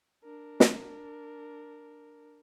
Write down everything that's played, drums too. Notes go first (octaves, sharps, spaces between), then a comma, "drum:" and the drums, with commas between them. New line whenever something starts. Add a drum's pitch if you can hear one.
D4 A#4
drum: snare